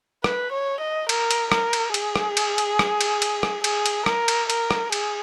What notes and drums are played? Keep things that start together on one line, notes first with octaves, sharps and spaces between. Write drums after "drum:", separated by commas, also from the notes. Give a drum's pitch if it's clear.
B4, drum: rim click
C#5
D#5
A#4, drum: cymbal
drum: cymbal
A#4, drum: rim click
drum: cymbal
G#4, drum: cymbal
drum: rim click
drum: cymbal
drum: cymbal
drum: rim click
drum: cymbal
drum: cymbal
drum: rim click
G#4, drum: cymbal
drum: cymbal
A#4, drum: rim click
drum: cymbal
A#4, drum: cymbal
drum: rim click
G#4, drum: cymbal